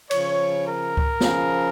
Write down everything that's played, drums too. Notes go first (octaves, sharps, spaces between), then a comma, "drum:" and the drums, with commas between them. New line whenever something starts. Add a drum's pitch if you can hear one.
C#3 F3 C#5, drum: cymbal
A#4
drum: kick C#2
C#3 F3, drum: snare